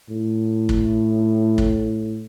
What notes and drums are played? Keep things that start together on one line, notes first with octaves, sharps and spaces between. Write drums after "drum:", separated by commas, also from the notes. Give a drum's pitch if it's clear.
A2
drum: kick
drum: kick